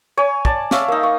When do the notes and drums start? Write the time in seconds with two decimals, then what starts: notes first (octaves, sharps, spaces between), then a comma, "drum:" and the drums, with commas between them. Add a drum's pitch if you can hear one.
0.17 C#5 G#5
0.45 D5 A5, drum: kick
0.71 C#5 E5 F5 D6, drum: snare
0.88 A#3 D#4
1.03 C#6